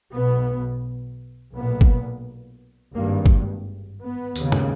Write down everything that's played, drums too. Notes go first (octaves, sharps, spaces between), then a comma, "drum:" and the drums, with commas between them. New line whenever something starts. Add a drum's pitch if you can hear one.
B1 B2 B3
B1 A#2 B3
drum: kick G1
G#1 G2 A#3
drum: kick G1
B3
D#2 C#3, drum: tambourine
drum: tom